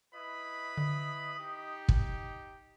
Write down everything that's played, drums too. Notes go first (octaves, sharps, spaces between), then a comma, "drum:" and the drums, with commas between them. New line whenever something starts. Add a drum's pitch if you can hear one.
E4 B4 D#5 B5
D3
D#4 G4
drum: kick